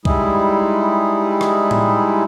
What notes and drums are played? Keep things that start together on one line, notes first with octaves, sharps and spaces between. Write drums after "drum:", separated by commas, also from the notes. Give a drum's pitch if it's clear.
G3 G#3 D#4 E4 G#4, drum: kick
drum: rim click
drum: tom A2